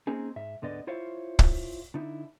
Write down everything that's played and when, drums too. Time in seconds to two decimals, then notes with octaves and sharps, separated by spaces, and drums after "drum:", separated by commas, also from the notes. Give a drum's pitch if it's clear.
0.07 A#3 C4 C#4 D#4 G#4
0.36 G#2 E5
0.62 D2 G#2 D3 B3 D5 D#5
0.87 E4 F4 C5 C#5 E5 F5
1.39 drum: kick
1.94 D3 D#4 E4